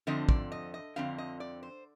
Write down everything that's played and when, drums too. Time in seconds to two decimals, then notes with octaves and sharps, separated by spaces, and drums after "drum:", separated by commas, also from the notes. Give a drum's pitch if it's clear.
0.07 F2 D3 F3 C4 D#5
0.29 D5, drum: kick
0.52 D#5
0.74 D#5
0.96 F2 D3 F3 C4 F5
1.18 D#5
1.40 D5
1.63 C5